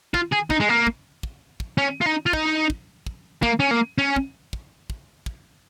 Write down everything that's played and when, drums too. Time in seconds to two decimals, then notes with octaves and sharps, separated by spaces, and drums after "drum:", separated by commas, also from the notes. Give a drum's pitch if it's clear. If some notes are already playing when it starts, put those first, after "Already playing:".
0.14 F4, drum: kick
0.32 G#4
0.50 D#4, drum: kick
0.60 G#3
0.69 A#3
0.87 drum: kick
1.23 drum: kick
1.60 drum: kick
1.78 C#4
2.01 F4
2.06 D#4
2.26 F4
2.33 D#4, drum: kick
2.70 drum: kick
3.07 drum: kick
3.43 A#3, drum: kick
3.60 C#4
3.71 A#3
3.98 C#4
4.16 drum: kick
4.53 drum: kick
4.90 drum: kick
5.26 drum: kick